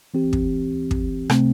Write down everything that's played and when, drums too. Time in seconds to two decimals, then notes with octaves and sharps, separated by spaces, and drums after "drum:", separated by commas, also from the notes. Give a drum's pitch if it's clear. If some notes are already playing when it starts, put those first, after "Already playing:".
0.14 E3 C4 G4
0.33 drum: kick
0.91 drum: kick
1.30 C3 A3 C4, drum: rim click